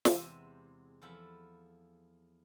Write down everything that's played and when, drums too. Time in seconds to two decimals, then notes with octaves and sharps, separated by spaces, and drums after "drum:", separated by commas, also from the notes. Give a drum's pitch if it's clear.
0.05 E2 C3 G#3 G4 E5 G#5, drum: snare
1.02 E2 F3 A4 B5